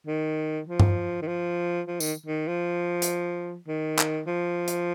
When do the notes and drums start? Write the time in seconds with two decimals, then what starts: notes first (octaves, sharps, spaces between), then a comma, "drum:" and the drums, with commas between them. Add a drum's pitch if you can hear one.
0.07 D#3
0.68 F3
0.80 drum: tom G2
1.22 D#3
1.27 F3
1.88 F3
2.00 D#3, drum: tambourine
2.26 D#3
2.48 F3
3.02 drum: hi-hat
3.67 D#3
3.99 drum: clap
4.27 F3
4.68 drum: hi-hat